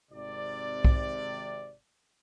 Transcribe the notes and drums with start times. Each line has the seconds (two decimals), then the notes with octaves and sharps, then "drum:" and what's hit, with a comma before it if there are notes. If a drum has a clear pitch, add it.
0.11 G#1 C3 D5
0.85 drum: kick B1